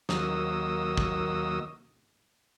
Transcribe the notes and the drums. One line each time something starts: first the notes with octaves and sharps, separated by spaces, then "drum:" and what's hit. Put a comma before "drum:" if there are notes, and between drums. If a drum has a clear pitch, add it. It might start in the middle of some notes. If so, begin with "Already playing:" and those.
D#2 F#3 A#3 D#5 D#6 E6, drum: snare
drum: kick